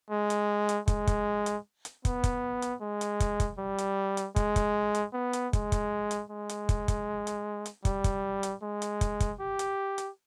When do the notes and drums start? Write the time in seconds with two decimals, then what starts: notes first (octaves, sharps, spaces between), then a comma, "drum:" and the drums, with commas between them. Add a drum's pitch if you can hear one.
0.10 G#3
0.30 drum: hi-hat
0.69 drum: hi-hat
0.88 G#3, drum: kick, hi-hat
1.07 drum: kick, hi-hat
1.46 drum: hi-hat
1.85 drum: hi-hat
2.05 B3, drum: kick, hi-hat
2.24 drum: kick, hi-hat
2.62 drum: hi-hat
2.82 G#3
3.01 drum: hi-hat
3.20 drum: kick, hi-hat
3.40 drum: kick, hi-hat
3.58 G3
3.78 drum: hi-hat
4.17 drum: hi-hat
4.36 G#3, drum: kick, hi-hat
4.56 drum: kick, hi-hat
4.95 drum: hi-hat
5.13 B3
5.33 drum: hi-hat
5.53 G#3, drum: kick, hi-hat
5.72 drum: kick, hi-hat
6.11 drum: hi-hat
6.30 G#3
6.49 drum: hi-hat
6.69 drum: kick, hi-hat
6.88 drum: kick, hi-hat
7.27 drum: hi-hat
7.66 drum: hi-hat
7.85 G3, drum: kick, hi-hat
8.04 drum: kick, hi-hat
8.43 drum: hi-hat
8.63 G#3
8.82 drum: hi-hat
9.01 drum: kick, hi-hat
9.20 drum: kick, hi-hat
9.40 G4
9.59 drum: hi-hat
9.98 drum: hi-hat